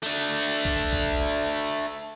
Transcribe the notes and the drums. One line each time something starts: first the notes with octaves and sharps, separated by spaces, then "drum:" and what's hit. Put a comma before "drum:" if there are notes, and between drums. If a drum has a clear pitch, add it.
A3 D4
drum: kick A#1
drum: kick A#1